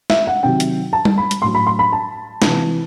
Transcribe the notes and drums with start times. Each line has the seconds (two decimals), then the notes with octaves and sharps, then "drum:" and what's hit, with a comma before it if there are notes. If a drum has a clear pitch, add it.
0.10 E5, drum: snare
0.27 F#5
0.43 C3 D#3 F#3 G5
0.60 drum: hi-hat
0.93 A5
1.05 drum: tom
1.18 B5
1.31 drum: hi-hat
1.42 A2 F#3 C6
1.55 B5
1.67 C6
1.79 B5
1.92 A5
2.42 C3 E3, drum: snare